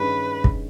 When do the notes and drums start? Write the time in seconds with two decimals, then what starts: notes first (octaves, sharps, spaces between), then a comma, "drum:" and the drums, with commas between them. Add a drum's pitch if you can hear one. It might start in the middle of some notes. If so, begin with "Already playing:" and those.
Already playing: G2 D#3 G#3 C#4 B4
0.44 drum: kick